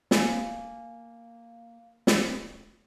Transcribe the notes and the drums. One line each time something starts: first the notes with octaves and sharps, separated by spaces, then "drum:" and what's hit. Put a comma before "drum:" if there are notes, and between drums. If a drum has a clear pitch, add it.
A#3 G#5, drum: snare
drum: snare